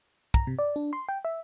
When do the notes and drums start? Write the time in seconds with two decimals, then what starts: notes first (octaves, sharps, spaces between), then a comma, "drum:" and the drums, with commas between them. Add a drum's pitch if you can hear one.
0.34 A#5, drum: kick
0.47 C3
0.59 D5
0.76 D4
0.93 C6
1.09 G5
1.25 E5